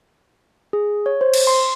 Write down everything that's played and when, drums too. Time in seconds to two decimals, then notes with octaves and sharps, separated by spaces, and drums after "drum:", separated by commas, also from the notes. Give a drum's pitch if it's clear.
0.73 G#4
1.06 C#5
1.21 C5
1.34 drum: cymbal
1.47 C6